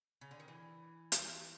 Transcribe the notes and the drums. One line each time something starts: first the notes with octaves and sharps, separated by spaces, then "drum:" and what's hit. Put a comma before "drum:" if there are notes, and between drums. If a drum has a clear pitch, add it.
C#3
D3
D#3
E3
drum: hi-hat